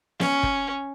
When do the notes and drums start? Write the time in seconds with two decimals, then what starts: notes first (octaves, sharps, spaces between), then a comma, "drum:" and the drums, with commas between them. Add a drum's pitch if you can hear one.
0.20 C#4, drum: snare
0.43 drum: kick